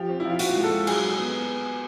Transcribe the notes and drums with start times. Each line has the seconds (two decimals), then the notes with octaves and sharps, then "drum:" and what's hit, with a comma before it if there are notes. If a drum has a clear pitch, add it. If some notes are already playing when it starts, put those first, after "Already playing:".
Already playing: F3 G4
0.09 C4
0.20 F3 E4
0.30 F4
0.39 A#2 F#4, drum: hi-hat
0.55 G#3
0.63 A4
0.71 G#3
0.87 F#3 G#4, drum: cymbal
1.02 F#3
1.19 B3